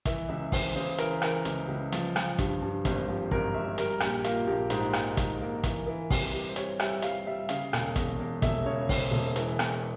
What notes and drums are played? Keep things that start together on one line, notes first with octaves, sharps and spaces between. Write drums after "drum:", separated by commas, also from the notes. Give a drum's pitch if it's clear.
E3 E5, drum: kick, hi-hat
C#2 E5
E3 C5, drum: kick, open hi-hat
C#3 C5
E3 A#4, drum: hi-hat
C5
E3 A#4, drum: rim click
C#2, drum: hi-hat
C#2
F3, drum: hi-hat
F3, drum: rim click
G2, drum: kick, hi-hat
G2
G#1 C5, drum: kick, hi-hat
F3 G4
G#1 A#4, drum: kick
G#1 E5
G3 A#4, drum: hi-hat
A#1 G4, drum: rim click
A#3 F4, drum: hi-hat
A#1 G4
G#2 C5, drum: hi-hat
A#3, drum: rim click
G#2, drum: kick, hi-hat
A#3
E3, drum: kick, hi-hat
E3
C3, drum: kick, open hi-hat
G3
C5
G3 C#5, drum: hi-hat
G3 E5, drum: rim click
G3 F5, drum: hi-hat
G3 E5
C#3 F5, drum: hi-hat
E1, drum: rim click
E2, drum: kick, hi-hat
E2
E1 E5, drum: kick, hi-hat
C#3 C#5
C#3 C5, drum: kick, open hi-hat
E1 C5
E3, drum: hi-hat
E2, drum: rim click